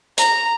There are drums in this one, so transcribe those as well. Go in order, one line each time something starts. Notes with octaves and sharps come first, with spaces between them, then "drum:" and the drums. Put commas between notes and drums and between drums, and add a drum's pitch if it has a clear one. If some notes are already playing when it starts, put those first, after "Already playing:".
A#5, drum: hi-hat